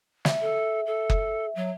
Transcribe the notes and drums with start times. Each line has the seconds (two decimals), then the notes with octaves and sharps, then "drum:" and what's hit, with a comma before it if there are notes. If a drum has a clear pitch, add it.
0.25 E5, drum: snare
0.42 A4
0.86 A4
1.10 drum: kick F#1
1.56 F#3